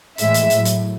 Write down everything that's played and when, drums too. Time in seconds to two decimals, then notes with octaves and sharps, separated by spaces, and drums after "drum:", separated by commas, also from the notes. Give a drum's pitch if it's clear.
0.18 A2 E3 G#3 E5, drum: hi-hat
0.34 drum: hi-hat
0.50 A2 F#3, drum: hi-hat
0.65 drum: hi-hat